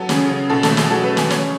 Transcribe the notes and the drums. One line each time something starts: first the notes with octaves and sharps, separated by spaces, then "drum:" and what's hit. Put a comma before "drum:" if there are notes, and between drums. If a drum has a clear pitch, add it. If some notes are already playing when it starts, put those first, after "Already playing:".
Already playing: F#3 B3 A4
C#3 G#4, drum: snare
C#3
B2 A4
A4, drum: snare
A3
G#4, drum: snare
F#3 A4
B4
A3
G#5, drum: snare
C#3 C#5, drum: snare